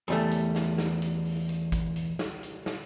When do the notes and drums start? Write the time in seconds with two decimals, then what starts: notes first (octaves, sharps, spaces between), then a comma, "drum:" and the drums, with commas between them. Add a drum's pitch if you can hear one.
0.08 E2 G3 A3, drum: hi-hat
0.31 drum: hi-hat
0.55 drum: snare
0.78 drum: snare
1.02 drum: hi-hat
1.25 drum: open hi-hat
1.49 drum: hi-hat
1.72 drum: kick, hi-hat
1.96 drum: hi-hat
2.19 drum: snare
2.43 drum: hi-hat
2.66 drum: snare